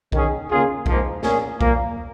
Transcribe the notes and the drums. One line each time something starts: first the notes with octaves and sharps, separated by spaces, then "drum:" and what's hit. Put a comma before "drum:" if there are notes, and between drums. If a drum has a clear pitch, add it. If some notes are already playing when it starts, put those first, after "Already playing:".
D#3 C#4 G#4, drum: kick B1
C#3 A#3 C#4 F4 G#4
G#2 F3 A#3, drum: kick B1
A#2 A#3 C#4 G#4, drum: snare
A#2 F3 A#3, drum: kick B1